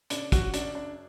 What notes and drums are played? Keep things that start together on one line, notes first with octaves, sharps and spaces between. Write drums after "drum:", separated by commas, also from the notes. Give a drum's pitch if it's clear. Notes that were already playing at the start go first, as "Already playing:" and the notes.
C#3 D4, drum: hi-hat
F#4, drum: kick, hi-hat
F#2 D4, drum: hi-hat
D4